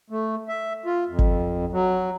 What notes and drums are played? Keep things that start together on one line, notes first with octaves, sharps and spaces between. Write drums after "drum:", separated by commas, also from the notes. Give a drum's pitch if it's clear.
A3
E5
F4
F2
drum: kick G1
F#3